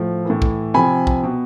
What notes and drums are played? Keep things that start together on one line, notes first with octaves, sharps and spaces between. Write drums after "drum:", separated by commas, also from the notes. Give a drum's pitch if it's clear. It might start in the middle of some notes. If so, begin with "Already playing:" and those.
Already playing: A2 F3
A2 E3
drum: kick
C3 F3 G#5 B5
drum: kick
B2